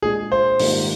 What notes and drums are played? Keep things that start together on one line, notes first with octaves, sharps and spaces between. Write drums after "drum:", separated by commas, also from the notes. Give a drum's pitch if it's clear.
A#2 G#3 D4 G#4
C5
G#2 D#3 G3 A#3 F4, drum: open hi-hat